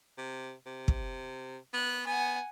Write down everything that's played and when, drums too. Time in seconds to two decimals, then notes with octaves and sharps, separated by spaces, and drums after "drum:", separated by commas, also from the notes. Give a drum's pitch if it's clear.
0.18 C3
0.66 C3
0.88 drum: kick
1.74 B3 F#6
2.07 B3 F#5 G#5